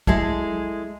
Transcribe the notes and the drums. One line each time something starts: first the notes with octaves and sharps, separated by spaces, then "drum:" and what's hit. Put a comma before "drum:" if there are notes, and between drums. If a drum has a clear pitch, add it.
G#3 E4 G#4 A4, drum: kick